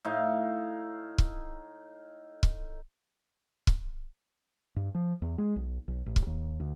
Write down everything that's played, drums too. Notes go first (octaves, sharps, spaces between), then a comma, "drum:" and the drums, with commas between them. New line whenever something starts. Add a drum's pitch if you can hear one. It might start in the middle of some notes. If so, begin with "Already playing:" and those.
A2 D#4 F5
drum: kick
drum: kick
drum: kick
G2
F3
E2
G#3
B1
B1
A1
drum: kick
D#2
D2